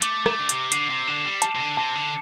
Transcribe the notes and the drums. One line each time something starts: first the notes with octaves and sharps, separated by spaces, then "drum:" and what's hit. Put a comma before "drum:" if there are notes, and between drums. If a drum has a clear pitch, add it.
A3 D6, drum: hi-hat
A3, drum: rim click
D3 D6
C3, drum: hi-hat
D3 C7, drum: hi-hat
C3
D3 E7
G3
A5, drum: hi-hat
C3
D3
C3 A5
D3